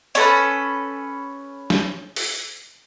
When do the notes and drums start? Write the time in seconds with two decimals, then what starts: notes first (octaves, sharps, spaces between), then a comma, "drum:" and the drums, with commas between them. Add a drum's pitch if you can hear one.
0.15 C#4 A4 B4, drum: tambourine
1.70 drum: snare
2.16 drum: open hi-hat